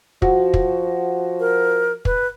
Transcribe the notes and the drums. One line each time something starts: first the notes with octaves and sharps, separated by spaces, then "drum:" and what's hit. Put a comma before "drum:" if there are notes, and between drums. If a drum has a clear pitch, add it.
F3 F#4, drum: kick
drum: kick
A#4
B4, drum: kick